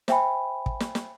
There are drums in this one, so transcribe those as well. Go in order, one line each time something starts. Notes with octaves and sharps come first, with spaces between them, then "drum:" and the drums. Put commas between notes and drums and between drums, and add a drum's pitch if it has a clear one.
C5 E5 G5 G#5 B5, drum: snare
drum: kick
drum: snare
drum: snare